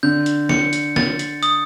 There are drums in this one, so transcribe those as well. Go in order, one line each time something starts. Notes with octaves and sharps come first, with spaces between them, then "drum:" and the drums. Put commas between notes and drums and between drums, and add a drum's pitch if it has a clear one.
D3 G6
drum: hi-hat
C#7, drum: snare
drum: hi-hat
A6, drum: snare
drum: hi-hat
D#6, drum: hi-hat